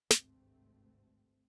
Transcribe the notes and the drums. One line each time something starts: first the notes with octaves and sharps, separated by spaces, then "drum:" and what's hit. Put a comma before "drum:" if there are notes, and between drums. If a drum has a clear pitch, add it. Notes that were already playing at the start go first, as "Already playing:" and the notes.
G#1 D2 G2 C3 A3 C4, drum: snare